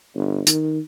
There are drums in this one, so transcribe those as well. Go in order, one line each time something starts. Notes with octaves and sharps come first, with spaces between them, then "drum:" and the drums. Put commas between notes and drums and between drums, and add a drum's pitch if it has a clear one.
G1
D#3, drum: hi-hat